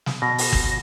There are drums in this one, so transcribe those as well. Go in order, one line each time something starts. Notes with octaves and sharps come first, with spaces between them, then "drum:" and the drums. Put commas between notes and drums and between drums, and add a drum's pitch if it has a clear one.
drum: snare
B2 A#6
drum: open hi-hat
drum: kick